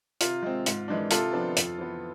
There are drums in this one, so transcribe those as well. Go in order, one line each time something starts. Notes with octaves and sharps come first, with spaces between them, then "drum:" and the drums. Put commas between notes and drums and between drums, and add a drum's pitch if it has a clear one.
C3 F4, drum: hi-hat
G#3 C4
G#2, drum: hi-hat
E3 G#3 D4
C3 F4 A4, drum: hi-hat
F3 B3 D4
F2, drum: hi-hat
E3 B3